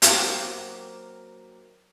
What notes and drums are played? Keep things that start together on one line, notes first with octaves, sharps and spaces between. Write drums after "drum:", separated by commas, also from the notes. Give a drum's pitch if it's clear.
F#3 A#3 C4 D#4 F#4 G4, drum: hi-hat